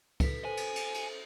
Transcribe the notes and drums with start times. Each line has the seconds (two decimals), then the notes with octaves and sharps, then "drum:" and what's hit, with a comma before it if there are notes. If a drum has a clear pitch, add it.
0.20 A4 B4 B6, drum: kick, cymbal
0.45 A4 C5 G#5
0.57 drum: cymbal
0.76 drum: cymbal
0.94 drum: cymbal